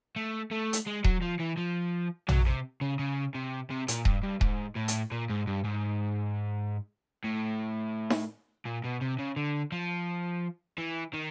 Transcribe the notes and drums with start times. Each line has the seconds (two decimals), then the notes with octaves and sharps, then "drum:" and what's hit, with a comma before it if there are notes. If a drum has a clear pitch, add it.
0.16 A3
0.52 A3
0.73 drum: hi-hat
0.87 G#3
1.04 F#3, drum: kick D#1
1.22 F3
1.40 E3
1.58 F3
2.29 F#3, drum: tom
2.47 C3
2.81 C#3
2.99 C#3
3.34 C3
3.70 C3
3.88 A#2, drum: hi-hat
4.05 G2, drum: kick D#1
4.23 G2
4.41 G#2, drum: kick D#1
4.76 A2
4.88 drum: hi-hat
5.12 A#2
5.30 G#2
5.47 G2
5.65 G#2
7.24 A2
8.10 drum: snare D#4
8.65 A#2
8.84 B2
9.01 C3
9.19 C#3
9.37 D3
9.72 F3
10.78 E3
11.13 D#3